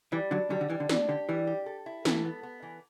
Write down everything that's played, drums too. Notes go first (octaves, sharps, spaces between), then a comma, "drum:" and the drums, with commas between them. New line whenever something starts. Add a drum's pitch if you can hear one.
E3 G3
D3 F#3 D4
D3 F#3 G3
D3
E3 G3
D3
E3 D4, drum: snare
D3 G4
E3 G3
G4
A4
E4
E3 A4, drum: snare
B3
B3
E3